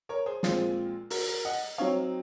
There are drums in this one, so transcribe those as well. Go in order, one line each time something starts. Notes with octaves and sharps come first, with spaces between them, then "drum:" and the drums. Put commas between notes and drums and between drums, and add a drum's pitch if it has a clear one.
A#4 C#5
G#4 C5
A#2 F3 G#3 C4 F4 G#4 C5, drum: snare
F#4 A#4, drum: open hi-hat
F#4 A#4
D#5 F#5
F#3 C4 D#4 C#5 F5